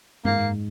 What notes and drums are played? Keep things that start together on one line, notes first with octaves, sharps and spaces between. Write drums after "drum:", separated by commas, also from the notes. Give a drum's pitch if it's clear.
G#2 A#3, drum: tom F#2